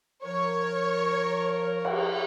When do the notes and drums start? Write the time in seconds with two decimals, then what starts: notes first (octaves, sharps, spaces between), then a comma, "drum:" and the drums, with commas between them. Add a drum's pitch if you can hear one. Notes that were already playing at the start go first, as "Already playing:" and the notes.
0.24 F3 A#4 C#5
1.85 drum: cymbal